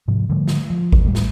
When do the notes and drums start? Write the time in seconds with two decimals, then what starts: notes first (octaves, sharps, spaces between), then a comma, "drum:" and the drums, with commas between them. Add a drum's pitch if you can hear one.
0.08 G#2 C3 F3
0.29 D3 F3 G3 A3
0.48 drum: snare
0.70 F3
0.92 drum: kick G#1
1.04 G#1 A2 G3
1.15 drum: snare